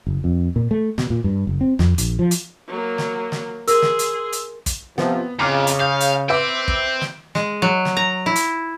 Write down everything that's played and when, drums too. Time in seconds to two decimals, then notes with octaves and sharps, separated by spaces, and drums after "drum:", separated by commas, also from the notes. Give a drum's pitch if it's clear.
0.07 F#1
0.24 F2
0.56 A#2
0.71 A3
0.98 B2, drum: snare
1.10 A#2
1.24 G2
1.47 F#1
1.61 C4
1.79 F2, drum: snare
1.98 A#1, drum: hi-hat
2.19 F3
2.31 drum: hi-hat
2.68 F#3 A#3
2.98 drum: snare
3.32 drum: snare
3.68 G#4 A#4 C6 E6, drum: hi-hat
3.82 drum: snare
3.99 drum: hi-hat
4.33 drum: hi-hat
4.66 drum: kick, hi-hat
4.98 C3 F3 B3, drum: snare
5.39 F2 C#3 A#5 D6 F6
5.67 drum: hi-hat
5.80 F5 G6
6.01 drum: hi-hat
6.29 B4 C5 E5 G5 D6
6.68 drum: kick
7.01 drum: snare
7.35 G#3, drum: snare
7.62 F#3
7.85 drum: snare
7.97 A#5
8.26 E4
8.36 drum: hi-hat